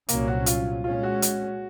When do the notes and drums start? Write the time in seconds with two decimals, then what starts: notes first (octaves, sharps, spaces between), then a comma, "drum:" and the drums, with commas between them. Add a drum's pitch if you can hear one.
0.09 C2 A#2 F#3 A#3 C#4, drum: hi-hat
0.28 F#4
0.46 F4, drum: hi-hat
0.84 A#2 G#3 C#4 F4
1.03 F#4
1.22 drum: hi-hat